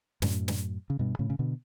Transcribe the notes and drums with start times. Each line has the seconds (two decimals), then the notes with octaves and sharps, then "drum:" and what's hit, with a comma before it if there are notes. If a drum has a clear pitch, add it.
0.22 F#2 A2, drum: snare
0.48 drum: snare
0.90 C#3
0.99 G2 B2
1.19 A2 C#3
1.30 C#3
1.39 B2 D3